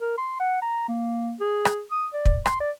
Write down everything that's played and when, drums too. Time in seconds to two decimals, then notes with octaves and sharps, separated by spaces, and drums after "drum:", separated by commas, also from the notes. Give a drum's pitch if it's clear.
0.01 A#4
0.18 C6
0.40 F#5
0.62 A#5
0.88 A#3
1.40 G#4
1.65 drum: rim click
1.91 D#6
2.14 D5
2.26 drum: kick
2.46 C6, drum: rim click
2.60 D5